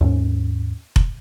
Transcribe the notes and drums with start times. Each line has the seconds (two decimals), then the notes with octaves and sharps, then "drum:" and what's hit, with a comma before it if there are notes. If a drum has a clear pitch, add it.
0.01 D#2 G#2 C4 C#4
0.96 drum: kick F1